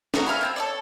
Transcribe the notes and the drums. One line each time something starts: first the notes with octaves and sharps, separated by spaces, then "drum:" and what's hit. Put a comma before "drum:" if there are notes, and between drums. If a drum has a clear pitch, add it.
B3 F#4 A#5, drum: snare
E5 F5 G#5 B5
C4 A5 B5
A4 C#5 D5